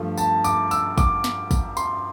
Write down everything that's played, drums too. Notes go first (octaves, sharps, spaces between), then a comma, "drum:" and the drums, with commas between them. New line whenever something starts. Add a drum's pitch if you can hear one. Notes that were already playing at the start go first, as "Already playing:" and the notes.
Already playing: G2 F3 A3
A5, drum: tambourine
D6, drum: tambourine
E6, drum: tambourine
D6, drum: kick, tambourine
drum: snare
drum: kick, tambourine
C6, drum: tambourine